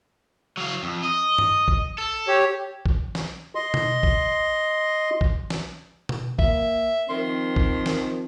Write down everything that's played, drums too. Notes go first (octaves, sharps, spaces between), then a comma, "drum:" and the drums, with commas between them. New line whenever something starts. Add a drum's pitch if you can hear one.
F#3 F5
F2
D#5
drum: tom G2
drum: kick A#1
A4
G4 C#5
drum: kick A#1
drum: snare
D#5 C6
drum: tom B2
drum: kick A#1
drum: kick A#1
drum: snare
drum: tom B2
A#3 E5, drum: kick A#1
D#3 F3 C4 C6
drum: kick A#1
drum: snare